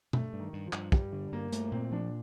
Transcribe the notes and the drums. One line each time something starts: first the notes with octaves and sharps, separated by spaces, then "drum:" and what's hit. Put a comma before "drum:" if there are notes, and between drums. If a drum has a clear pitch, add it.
G2 A3, drum: tom B2
G2
D#3
G2
F3
G2, drum: clap
G2 G3, drum: kick
D3
G2 A#3
A3, drum: hi-hat
A#2 C4
F3 D4